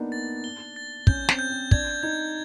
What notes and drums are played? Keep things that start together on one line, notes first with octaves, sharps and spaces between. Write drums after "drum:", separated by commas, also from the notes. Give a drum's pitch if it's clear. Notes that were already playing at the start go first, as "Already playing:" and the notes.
Already playing: A#3 B3 D4 D#4
A6
G7
A6
C#4 G6, drum: kick
C4, drum: snare
G6
C4
D4 G#6, drum: kick
D#4 G#6